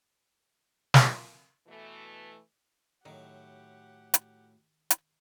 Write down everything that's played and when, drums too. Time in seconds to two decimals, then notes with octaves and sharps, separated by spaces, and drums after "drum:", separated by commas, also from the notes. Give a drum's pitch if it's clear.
0.94 drum: snare
1.67 B2 E3 A3
3.05 A2 D#3 F#3 G4 F#5
4.14 drum: hi-hat
4.90 drum: hi-hat